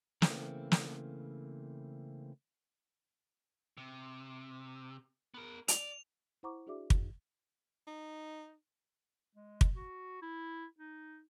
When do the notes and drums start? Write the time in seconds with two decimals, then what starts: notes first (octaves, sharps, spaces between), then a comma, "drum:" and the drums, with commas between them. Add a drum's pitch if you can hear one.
0.22 C#3 E3 A3 A#3 C4, drum: snare
0.72 drum: snare
3.77 C3
5.34 B3 A#4
5.68 D5 F7, drum: hi-hat
6.43 E4 C5 F#5 A#5 C#6 D6
6.67 D4 F#4 G#4 D5 E5 D6
6.90 F2, drum: kick
7.87 D#4
9.35 G#3
9.61 drum: kick
9.75 F#4
10.22 E4
10.78 D#4